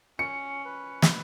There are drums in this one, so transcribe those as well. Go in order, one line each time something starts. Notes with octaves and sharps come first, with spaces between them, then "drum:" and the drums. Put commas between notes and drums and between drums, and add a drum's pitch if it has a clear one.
C#4 C#7
B4
drum: snare